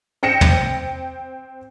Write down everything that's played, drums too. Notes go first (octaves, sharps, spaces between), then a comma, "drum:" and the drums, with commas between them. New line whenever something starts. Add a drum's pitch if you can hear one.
C4 G5 A#6 C#7 E7
drum: tom